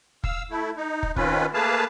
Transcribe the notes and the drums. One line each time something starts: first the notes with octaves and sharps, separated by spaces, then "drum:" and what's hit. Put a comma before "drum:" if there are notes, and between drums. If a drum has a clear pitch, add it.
F5 E6, drum: kick
A3 E4
D#4
drum: kick
D#3 C4 C#4 F4 B4, drum: kick
A3 A#3 G#4 B4 F5 A5